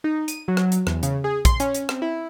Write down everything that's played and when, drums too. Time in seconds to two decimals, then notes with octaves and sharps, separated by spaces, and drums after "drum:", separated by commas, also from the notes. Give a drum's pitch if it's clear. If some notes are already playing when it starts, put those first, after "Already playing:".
0.04 D#4
0.28 D#7, drum: hi-hat
0.48 F#3
0.57 drum: rim click
0.72 drum: hi-hat
0.87 E2, drum: rim click
1.03 C#3, drum: hi-hat
1.24 G#4
1.45 C6, drum: kick, hi-hat
1.60 C#4, drum: hi-hat
1.74 drum: hi-hat
1.89 C4, drum: rim click
2.02 E4